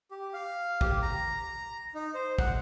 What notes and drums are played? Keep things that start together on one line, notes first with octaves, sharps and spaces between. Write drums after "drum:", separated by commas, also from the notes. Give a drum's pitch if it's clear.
G4
F5
G4, drum: kick
A#5
D#4
C5
F#5, drum: kick